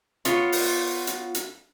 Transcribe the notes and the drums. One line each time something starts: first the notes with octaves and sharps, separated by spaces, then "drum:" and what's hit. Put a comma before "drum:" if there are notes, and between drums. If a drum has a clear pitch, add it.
B3 F4 C#5, drum: hi-hat
drum: open hi-hat
drum: hi-hat
drum: hi-hat